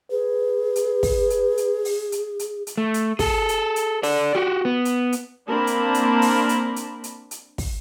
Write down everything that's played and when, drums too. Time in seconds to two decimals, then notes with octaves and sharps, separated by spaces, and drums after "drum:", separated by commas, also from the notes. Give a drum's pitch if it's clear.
0.11 G#4 B4
0.76 drum: hi-hat
1.03 drum: kick, open hi-hat
1.30 drum: hi-hat
1.57 drum: hi-hat
1.85 drum: open hi-hat
2.12 drum: hi-hat
2.39 drum: hi-hat
2.67 drum: hi-hat
2.78 A3
2.94 drum: hi-hat
3.19 G#4 A4, drum: kick, open hi-hat
3.49 drum: hi-hat
3.76 drum: hi-hat
4.03 A4 D5, drum: open hi-hat
4.35 F#4 G4
4.65 B3
4.85 drum: hi-hat
5.12 drum: hi-hat
5.47 A#3 C4 D4 A#4 A5 B5
5.67 drum: hi-hat
5.94 drum: hi-hat
6.22 drum: open hi-hat
6.49 drum: hi-hat
6.76 drum: hi-hat
7.04 drum: hi-hat
7.31 drum: hi-hat
7.58 drum: kick, open hi-hat